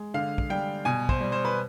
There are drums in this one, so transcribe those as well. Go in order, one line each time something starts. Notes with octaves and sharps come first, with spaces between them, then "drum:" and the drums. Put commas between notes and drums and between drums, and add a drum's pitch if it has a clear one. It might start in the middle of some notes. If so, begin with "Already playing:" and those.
Already playing: G#3
D3 F5
drum: kick
G3 G5
B2 G#5
C5, drum: kick
G3
C5
B4